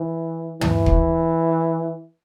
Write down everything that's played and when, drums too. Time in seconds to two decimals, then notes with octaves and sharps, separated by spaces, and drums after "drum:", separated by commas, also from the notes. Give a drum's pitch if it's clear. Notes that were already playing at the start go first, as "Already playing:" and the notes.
Already playing: E3
0.61 E3, drum: tom
0.86 drum: kick